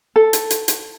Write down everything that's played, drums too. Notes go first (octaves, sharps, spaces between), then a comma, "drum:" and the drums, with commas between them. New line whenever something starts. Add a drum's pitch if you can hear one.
A4
drum: hi-hat
drum: hi-hat
drum: hi-hat